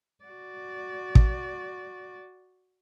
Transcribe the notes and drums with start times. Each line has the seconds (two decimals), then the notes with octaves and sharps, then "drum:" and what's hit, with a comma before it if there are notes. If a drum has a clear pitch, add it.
0.24 F#4 D5
1.15 drum: kick